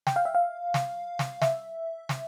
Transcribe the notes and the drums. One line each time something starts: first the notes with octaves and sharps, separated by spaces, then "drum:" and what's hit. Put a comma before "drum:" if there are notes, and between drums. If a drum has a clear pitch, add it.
G5, drum: snare
F5
E5
F5
drum: snare
drum: snare
E5, drum: snare
drum: snare